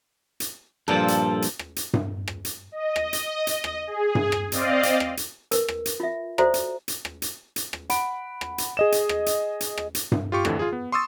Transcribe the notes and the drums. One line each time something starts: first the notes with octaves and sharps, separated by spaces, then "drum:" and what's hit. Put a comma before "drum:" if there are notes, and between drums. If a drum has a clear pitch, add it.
drum: hi-hat
G2 A#2 F3 A4
drum: hi-hat
drum: hi-hat
drum: rim click
drum: hi-hat
drum: tom G2
drum: rim click
drum: hi-hat
D#5
drum: rim click
drum: hi-hat
drum: hi-hat
drum: rim click
G#4
drum: tom G2
drum: rim click
C4 D5 D#5 F5, drum: hi-hat
drum: hi-hat
drum: rim click
drum: hi-hat
A#4 B4, drum: hi-hat
drum: rim click
drum: hi-hat
F4 E5
F#4 A4 C5 D5 E5 A#5, drum: rim click
drum: hi-hat
drum: hi-hat
drum: rim click
drum: hi-hat
drum: hi-hat
drum: rim click
F#5 B5 D7, drum: hi-hat
drum: rim click
drum: hi-hat
G#4 D#5 E7
drum: hi-hat
drum: rim click
drum: hi-hat
drum: hi-hat
drum: rim click
drum: hi-hat
drum: tom G2
F4 G4 C#6
F2 A2 D3 E3, drum: rim click
F4 G#4
B3
C6 C#6 D#6 E6 A6